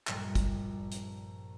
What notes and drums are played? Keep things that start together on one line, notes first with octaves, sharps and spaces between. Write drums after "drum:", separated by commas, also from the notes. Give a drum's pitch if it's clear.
A#1 G2 G3, drum: clap
drum: kick, hi-hat
drum: hi-hat